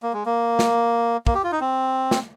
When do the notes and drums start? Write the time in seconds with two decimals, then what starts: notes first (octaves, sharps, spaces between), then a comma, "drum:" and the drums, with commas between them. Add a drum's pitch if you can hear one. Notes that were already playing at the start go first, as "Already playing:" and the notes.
0.03 A#3
0.13 G#3
0.26 A#3
0.59 drum: snare
1.27 A#3, drum: kick
1.35 G4
1.44 F4
1.52 D#4
1.61 C4
2.11 drum: snare